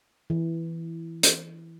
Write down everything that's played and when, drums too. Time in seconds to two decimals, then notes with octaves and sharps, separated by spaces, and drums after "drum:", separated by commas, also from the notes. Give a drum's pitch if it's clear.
0.30 E3
1.23 drum: hi-hat